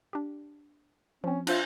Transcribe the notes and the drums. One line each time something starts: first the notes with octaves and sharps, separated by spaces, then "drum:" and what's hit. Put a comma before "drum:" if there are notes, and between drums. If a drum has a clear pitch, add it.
D4 G4
F3 C4 C#4
D4 F4 C5 E5, drum: cymbal